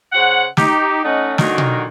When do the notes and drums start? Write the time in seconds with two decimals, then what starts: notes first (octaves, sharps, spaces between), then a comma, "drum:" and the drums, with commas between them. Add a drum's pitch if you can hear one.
0.13 C#3 C5 F#5
0.57 D#4 G4, drum: snare
1.03 A3 C#4 D#4 D#5 F#5
1.38 A#2 D3 D#3 F#3 F#4, drum: snare
1.58 drum: tom B2